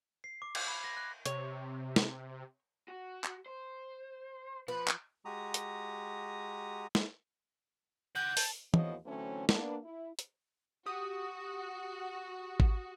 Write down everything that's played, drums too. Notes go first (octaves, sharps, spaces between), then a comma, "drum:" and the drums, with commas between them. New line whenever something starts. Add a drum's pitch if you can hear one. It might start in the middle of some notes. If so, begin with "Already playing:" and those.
C7
D6
G#6, drum: cymbal
B5
A#6
F#6
C3 C#5, drum: hi-hat
drum: snare
F#4
drum: clap
C5
F3 B4
drum: clap
G#3 F#4 G4 A#5 D#6
drum: hi-hat
drum: snare
D5 F#5 G6
A5, drum: open hi-hat
D#2 A2 F3 B3 C#5 D#5, drum: tom
D3 E3 F#3 A3 C4 C#4
A#3 B3 D4, drum: snare
E4
drum: hi-hat
F#4 G4 D#6
drum: kick G#1